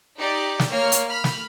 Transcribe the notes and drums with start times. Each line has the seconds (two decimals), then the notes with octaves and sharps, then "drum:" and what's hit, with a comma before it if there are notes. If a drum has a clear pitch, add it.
0.18 D#4 G4 D5
0.59 drum: snare
0.70 A#3 C#5 F6
0.92 drum: hi-hat
1.08 B5 F6
1.24 drum: snare